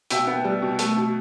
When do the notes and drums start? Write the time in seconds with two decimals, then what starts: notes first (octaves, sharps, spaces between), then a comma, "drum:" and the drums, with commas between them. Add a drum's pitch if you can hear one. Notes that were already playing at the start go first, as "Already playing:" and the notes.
0.10 B2 E5 G5, drum: hi-hat
0.27 B3
0.45 G3
0.62 B2
0.79 A3, drum: hi-hat
0.97 B2